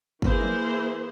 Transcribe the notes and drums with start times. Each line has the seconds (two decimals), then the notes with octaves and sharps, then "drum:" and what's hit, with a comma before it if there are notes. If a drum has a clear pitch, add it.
0.22 E3 A#3 E4 G#4 C5, drum: kick
0.41 drum: tom E3